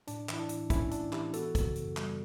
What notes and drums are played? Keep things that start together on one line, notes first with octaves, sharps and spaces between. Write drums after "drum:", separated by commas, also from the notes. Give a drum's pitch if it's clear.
A2 D4, drum: hi-hat
E3 E4, drum: clap
D4
A2, drum: hi-hat
A3 C#4 E4, drum: kick, hi-hat
A2 D4, drum: hi-hat
E3 E4 G4, drum: clap
B3 F#4 A4, drum: hi-hat
C#3, drum: kick, hi-hat
F#2, drum: hi-hat
G3, drum: clap